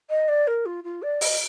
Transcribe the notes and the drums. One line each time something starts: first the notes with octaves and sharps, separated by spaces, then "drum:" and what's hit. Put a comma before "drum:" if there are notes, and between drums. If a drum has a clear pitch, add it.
D#5
D5
A#4
F4
F4
D5
D#5, drum: open hi-hat